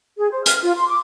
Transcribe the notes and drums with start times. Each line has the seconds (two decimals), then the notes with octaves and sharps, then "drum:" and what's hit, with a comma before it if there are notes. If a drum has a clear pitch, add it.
0.18 G#4
0.31 C5
0.46 F6, drum: hi-hat
0.63 F4
0.76 C6
0.88 D6